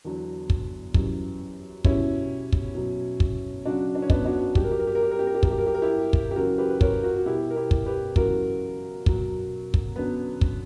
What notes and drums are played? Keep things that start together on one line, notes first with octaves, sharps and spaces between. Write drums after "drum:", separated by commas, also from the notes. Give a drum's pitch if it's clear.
E2 D3 F#3
drum: kick
F#2 E3 G3, drum: kick
B2 G3 C#4 E4, drum: kick
drum: kick
B2 F#3
drum: kick
F#2 C#3 F#3 D4 F#4
D4
C#4
B3 D4, drum: kick
D4 F#4
G2 F#3 G4, drum: kick
A#4
G4
A#4
G4
A#4
G4
A#4
G4
A#4
G4
G2 F#3 A#4, drum: kick
G4
A#4
G4
A#4
E4 G4
drum: kick
G4
F#2 C#3 E3 F#4 A#4
G4 B4
B4
A#4 C#5, drum: kick
F#4 A#4
F#4
B2 G3 E4 G4
A#4
E4 G4
drum: kick
G4 B4
F#2 C#3 E3 F#4 A#4, drum: kick
B2 F#3, drum: kick
drum: kick
F#2 D3 F#3 B3
drum: kick